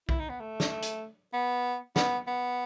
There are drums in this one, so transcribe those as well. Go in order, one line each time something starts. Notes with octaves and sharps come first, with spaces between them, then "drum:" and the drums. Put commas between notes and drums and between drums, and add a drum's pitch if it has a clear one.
E4, drum: kick B1
D#4
B3
A3
drum: snare
drum: hi-hat
B3
B3, drum: snare
B3